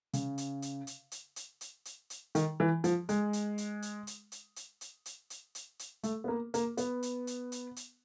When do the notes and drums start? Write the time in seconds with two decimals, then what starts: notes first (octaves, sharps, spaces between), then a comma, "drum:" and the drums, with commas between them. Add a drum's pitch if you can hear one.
0.13 C#3, drum: hi-hat
0.38 drum: hi-hat
0.62 drum: hi-hat
0.87 drum: hi-hat
1.12 drum: hi-hat
1.36 drum: hi-hat
1.61 drum: hi-hat
1.85 drum: hi-hat
2.10 drum: hi-hat
2.35 D#3, drum: hi-hat
2.60 E3
2.84 F3, drum: hi-hat
3.09 G#3, drum: hi-hat
3.33 drum: hi-hat
3.58 drum: hi-hat
3.82 drum: hi-hat
4.07 drum: hi-hat
4.32 drum: hi-hat
4.56 drum: hi-hat
4.81 drum: hi-hat
5.06 drum: hi-hat
5.30 drum: hi-hat
5.55 drum: hi-hat
5.79 drum: hi-hat
6.03 A3, drum: hi-hat
6.24 B3
6.28 A#3
6.54 A#3, drum: hi-hat
6.77 B3, drum: hi-hat
7.03 drum: hi-hat
7.27 drum: hi-hat
7.52 drum: hi-hat
7.76 drum: hi-hat